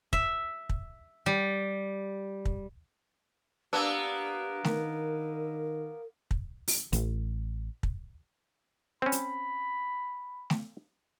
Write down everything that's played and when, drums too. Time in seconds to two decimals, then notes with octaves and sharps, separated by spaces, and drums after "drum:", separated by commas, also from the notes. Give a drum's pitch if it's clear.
0.13 E5, drum: kick
0.69 drum: kick
1.26 G3
2.45 drum: kick
3.73 A#3 B3 D4 G4 E6 D#7
4.64 D#3 A#4, drum: snare A3
6.31 drum: kick
6.68 drum: open hi-hat
6.93 A1, drum: hi-hat
7.83 drum: kick
9.02 C4 C#4 B5
9.12 drum: hi-hat
10.50 drum: snare A3